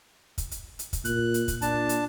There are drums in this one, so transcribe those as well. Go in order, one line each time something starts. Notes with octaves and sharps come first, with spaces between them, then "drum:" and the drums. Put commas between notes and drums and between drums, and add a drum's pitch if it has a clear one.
drum: kick, hi-hat
drum: hi-hat
drum: hi-hat
drum: kick, hi-hat
A#2 F#6, drum: hi-hat
drum: hi-hat
drum: kick, hi-hat
A#2 D4 A5, drum: hi-hat
drum: hi-hat